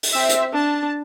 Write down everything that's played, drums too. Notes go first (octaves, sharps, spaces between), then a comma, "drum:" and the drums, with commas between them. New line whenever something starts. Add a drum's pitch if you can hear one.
drum: open hi-hat
C4 E5
drum: hi-hat
D4 A5